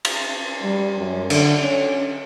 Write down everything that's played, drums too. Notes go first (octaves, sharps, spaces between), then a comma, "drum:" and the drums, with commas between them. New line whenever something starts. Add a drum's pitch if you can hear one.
drum: cymbal
G3
F#2
D3, drum: cymbal
C#4